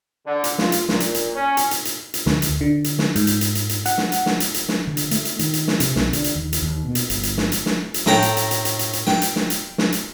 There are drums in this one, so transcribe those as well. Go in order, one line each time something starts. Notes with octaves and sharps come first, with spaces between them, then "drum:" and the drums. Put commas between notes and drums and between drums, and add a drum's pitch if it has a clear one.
D3
drum: hi-hat
F4, drum: snare
drum: hi-hat
A#2, drum: snare
drum: hi-hat
drum: hi-hat
C#4
drum: hi-hat
drum: hi-hat
drum: hi-hat
drum: hi-hat
D2, drum: snare
drum: hi-hat
D3
drum: hi-hat
drum: snare
G#2, drum: hi-hat
drum: hi-hat
drum: hi-hat
drum: hi-hat
drum: hi-hat
F#5, drum: hi-hat
drum: snare
drum: hi-hat
drum: snare
drum: hi-hat
drum: hi-hat
drum: snare
D3
drum: hi-hat
A3, drum: hi-hat
drum: hi-hat
D#3, drum: hi-hat
drum: hi-hat
drum: snare
C3, drum: hi-hat
B1, drum: snare
D3, drum: hi-hat
drum: hi-hat
D#2
drum: hi-hat
D#2
B2
drum: hi-hat
G1, drum: hi-hat
drum: hi-hat
drum: snare
drum: hi-hat
drum: snare
drum: hi-hat
A2 A4 G5 A#5, drum: snare
drum: hi-hat
drum: hi-hat
drum: hi-hat
drum: hi-hat
drum: hi-hat
drum: hi-hat
G5, drum: snare
drum: hi-hat
drum: snare
drum: hi-hat
drum: snare
drum: hi-hat